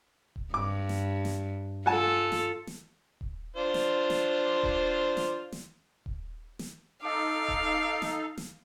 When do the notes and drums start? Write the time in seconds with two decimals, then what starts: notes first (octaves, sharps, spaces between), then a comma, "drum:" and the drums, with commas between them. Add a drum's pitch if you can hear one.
0.36 drum: kick D#1
0.54 G2 D6
0.89 drum: snare
1.25 drum: snare
1.86 F4 A4 F#5 G#5 A5
2.32 drum: snare
2.67 drum: snare
3.21 drum: kick D#1
3.56 D4 F4 C5
3.74 drum: snare
4.10 drum: snare
4.63 drum: kick D#1
5.17 drum: snare
5.52 drum: snare
6.06 drum: kick D#1
6.59 drum: snare
7.03 D#4 A4 F5 D6
7.48 drum: kick D#1
8.02 drum: snare
8.38 drum: snare